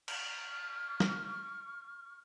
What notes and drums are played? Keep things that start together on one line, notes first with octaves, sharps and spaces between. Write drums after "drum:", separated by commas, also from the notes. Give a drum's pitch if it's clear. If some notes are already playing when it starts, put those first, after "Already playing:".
C#6 F6, drum: cymbal
drum: snare